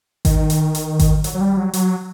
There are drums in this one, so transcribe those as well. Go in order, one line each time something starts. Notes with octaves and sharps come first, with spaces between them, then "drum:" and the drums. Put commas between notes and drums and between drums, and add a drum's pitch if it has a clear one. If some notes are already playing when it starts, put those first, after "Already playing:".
D#3, drum: kick G#1, hi-hat
drum: hi-hat
drum: hi-hat
drum: kick G#1, hi-hat
F#3, drum: hi-hat
F#3
G3
F#3
F#3, drum: hi-hat